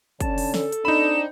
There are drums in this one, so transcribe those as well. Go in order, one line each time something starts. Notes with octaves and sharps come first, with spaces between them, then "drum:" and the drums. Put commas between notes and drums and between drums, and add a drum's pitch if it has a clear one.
D3 C#4 A5, drum: kick, hi-hat
drum: open hi-hat
A4, drum: snare
drum: hi-hat
C4 D4 D#4 B5 E7